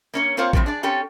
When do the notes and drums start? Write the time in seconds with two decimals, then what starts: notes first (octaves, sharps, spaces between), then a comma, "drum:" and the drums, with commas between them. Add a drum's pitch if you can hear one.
0.14 A#3 C#4 C#5
0.37 A#3 C4 F4 C5 C#5 F5
0.53 A2 F3 B3 C4 G4, drum: kick A1
0.66 D4 G#4 D5
0.83 C4 C#4 G4 A4 G5